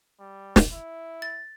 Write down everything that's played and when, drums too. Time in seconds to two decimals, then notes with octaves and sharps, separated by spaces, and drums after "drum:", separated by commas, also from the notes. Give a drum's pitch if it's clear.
0.20 G3
0.56 drum: snare
0.73 E4
1.22 A6